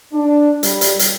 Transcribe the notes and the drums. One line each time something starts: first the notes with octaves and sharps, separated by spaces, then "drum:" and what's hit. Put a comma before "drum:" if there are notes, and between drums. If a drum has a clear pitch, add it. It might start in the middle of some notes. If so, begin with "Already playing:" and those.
D4
G3, drum: hi-hat
drum: hi-hat
drum: hi-hat